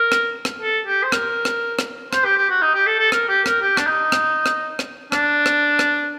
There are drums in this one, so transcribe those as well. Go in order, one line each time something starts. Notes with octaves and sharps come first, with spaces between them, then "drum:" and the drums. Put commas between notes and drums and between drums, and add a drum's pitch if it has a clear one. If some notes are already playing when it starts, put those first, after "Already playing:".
Already playing: A#4
drum: rim click
drum: rim click
A4
G4
C5
A#4, drum: rim click
drum: rim click
drum: rim click
C5, drum: rim click
G4
G4
F#4
D#4
G4
A4
A4
A#4, drum: rim click
G4
A#4, drum: rim click
G4
D4, drum: rim click
D#4
drum: rim click
drum: rim click
drum: rim click
D4, drum: rim click
drum: rim click
drum: rim click